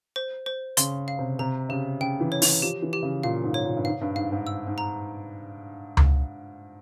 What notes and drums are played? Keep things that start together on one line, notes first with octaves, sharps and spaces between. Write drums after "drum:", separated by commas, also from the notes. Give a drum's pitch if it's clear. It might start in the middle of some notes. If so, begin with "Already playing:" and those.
C5
C5
C#3 C6, drum: hi-hat
F5
C3
C3 A#5
C#3 G4
C#3 G5
E3
C#5
E3, drum: open hi-hat
F3 G4
E3
G4
C#3
A#2 F5
G#2
C#5
A#2
G2
G#2 F5
G2
G#2 F5
G#2
E6
G#2
A#5
drum: tom C#2